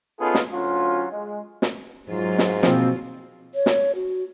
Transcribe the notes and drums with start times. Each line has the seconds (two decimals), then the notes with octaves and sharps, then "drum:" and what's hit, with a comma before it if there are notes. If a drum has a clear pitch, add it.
0.20 B3 C#4 D#4 F4 G#4 A4
0.35 drum: snare
0.52 D2 F#3 C#4 F4
1.11 G#3
1.62 drum: snare
2.09 G#2 F#3 F4
2.39 drum: snare
2.63 B2 F3 A#3 C4, drum: snare
3.55 C#5
3.66 drum: snare
3.95 F#4